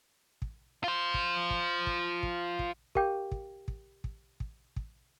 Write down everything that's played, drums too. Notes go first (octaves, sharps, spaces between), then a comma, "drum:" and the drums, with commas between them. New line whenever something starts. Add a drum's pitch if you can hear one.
drum: kick
F4 C5
drum: kick
drum: kick
drum: kick
drum: kick
drum: kick
G4 A#4 F5 G5 D6 G6, drum: kick
drum: kick
drum: kick
drum: kick
drum: kick
drum: kick